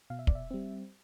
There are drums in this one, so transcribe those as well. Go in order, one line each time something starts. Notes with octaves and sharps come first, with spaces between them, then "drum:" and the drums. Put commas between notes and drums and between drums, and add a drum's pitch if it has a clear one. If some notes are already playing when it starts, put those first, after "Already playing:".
B2 F5
E5
D5, drum: kick
E5
G3 C4